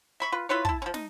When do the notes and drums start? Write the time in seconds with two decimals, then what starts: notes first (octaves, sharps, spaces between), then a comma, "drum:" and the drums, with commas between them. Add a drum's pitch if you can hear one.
0.20 E5 B5 C#6
0.32 F4 B4
0.49 E4 F4 B4 C#5
0.65 E4 A5, drum: kick
0.82 F3 C#4
0.94 D#4, drum: snare